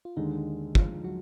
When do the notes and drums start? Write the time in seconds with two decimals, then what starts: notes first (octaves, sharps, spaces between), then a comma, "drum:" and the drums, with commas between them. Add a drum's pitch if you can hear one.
0.05 F4
0.16 D#2 D3 D#3 G#3 D#4
0.75 F3 F4, drum: kick
1.04 F#3 F#4